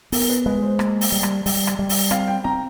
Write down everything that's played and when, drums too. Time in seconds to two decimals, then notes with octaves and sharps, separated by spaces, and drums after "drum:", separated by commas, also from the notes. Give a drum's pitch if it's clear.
0.12 B3 A#4, drum: open hi-hat
0.29 B4
0.46 G#3 B4
0.62 C5
0.79 A#3, drum: rim click
1.01 drum: open hi-hat
1.12 G3
1.23 drum: rim click
1.46 G3, drum: open hi-hat
1.67 drum: rim click
1.79 G3
1.89 drum: open hi-hat
2.11 C4 F5, drum: rim click
2.28 G5
2.44 C4 A#5